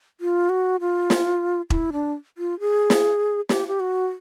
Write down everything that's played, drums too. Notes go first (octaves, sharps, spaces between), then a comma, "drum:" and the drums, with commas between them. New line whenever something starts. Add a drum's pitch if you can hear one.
F4
F#4
F4
drum: snare
E4, drum: kick E1
D4
F4
G#4
drum: snare
G4, drum: snare
G4
F#4